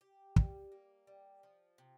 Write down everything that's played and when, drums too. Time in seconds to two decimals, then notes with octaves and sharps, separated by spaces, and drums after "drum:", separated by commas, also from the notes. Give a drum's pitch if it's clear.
0.01 G4
0.36 G3, drum: kick
0.72 A#3
1.07 G3
1.43 F3
1.78 C3